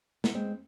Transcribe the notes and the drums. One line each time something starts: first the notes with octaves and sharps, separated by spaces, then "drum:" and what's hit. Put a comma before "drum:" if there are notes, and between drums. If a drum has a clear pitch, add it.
B3, drum: snare
G#3 C4